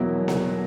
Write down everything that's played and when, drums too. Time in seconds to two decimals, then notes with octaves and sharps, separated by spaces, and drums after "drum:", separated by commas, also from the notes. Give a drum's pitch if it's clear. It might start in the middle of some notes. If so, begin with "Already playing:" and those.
Already playing: E2 B2 F#3 A#3 E4
0.28 drum: snare B3